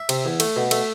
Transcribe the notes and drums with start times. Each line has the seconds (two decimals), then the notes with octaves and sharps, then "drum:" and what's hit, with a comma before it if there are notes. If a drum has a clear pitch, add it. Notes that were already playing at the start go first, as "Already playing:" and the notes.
Already playing: E5
0.09 C3, drum: cymbal
0.25 E2
0.40 A3, drum: cymbal
0.56 B2
0.71 A3 E5, drum: cymbal